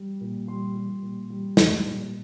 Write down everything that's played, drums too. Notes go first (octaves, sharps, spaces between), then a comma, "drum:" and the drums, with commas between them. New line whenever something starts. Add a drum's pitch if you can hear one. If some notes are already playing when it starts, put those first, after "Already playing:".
Already playing: G3
A#2
G3 C6
G3
A#2
G3
G3, drum: snare
A#2